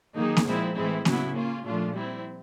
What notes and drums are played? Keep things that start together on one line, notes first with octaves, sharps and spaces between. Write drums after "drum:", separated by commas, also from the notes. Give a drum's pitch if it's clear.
D#3 F#3 A#3 D#4 G#4
drum: snare A#3
A#2 F3 G#3 C4 E4
A2 E3 G#3 C4 E4
C#3 F#3 B3 E4, drum: snare A#3
A#3 C#4 F4
A#2 F3 A3 D4 F4
G3 C4 E4